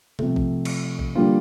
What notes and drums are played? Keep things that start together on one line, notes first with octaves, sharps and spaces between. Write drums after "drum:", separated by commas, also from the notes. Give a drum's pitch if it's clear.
C3 F3 A3, drum: tom B2
drum: kick A1
drum: cymbal
drum: kick A1
D3 G3 A#3 F4